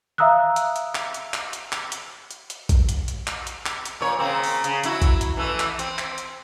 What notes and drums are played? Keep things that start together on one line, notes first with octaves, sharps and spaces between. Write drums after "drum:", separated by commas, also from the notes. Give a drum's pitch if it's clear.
E5 F5 A#5 D#6 E6 F#6
drum: hi-hat
drum: hi-hat
drum: clap
drum: hi-hat
drum: clap
drum: hi-hat
drum: clap
drum: hi-hat
drum: hi-hat
drum: hi-hat
drum: kick, hi-hat
drum: hi-hat
drum: hi-hat
drum: clap
drum: hi-hat
drum: clap
drum: hi-hat
A#2 C#5
C#3 A#3 C4
drum: open hi-hat
C#3, drum: hi-hat
F#3 E4 F#4, drum: hi-hat
drum: kick, hi-hat
drum: hi-hat
E3 A3 E4
drum: clap
C4, drum: hi-hat
drum: clap
drum: hi-hat